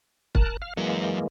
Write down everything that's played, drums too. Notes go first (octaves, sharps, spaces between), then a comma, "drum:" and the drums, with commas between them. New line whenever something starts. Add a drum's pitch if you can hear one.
A#4 A5 F#6, drum: kick
F5 F6
F#2 E3 F#3 G#3 A#3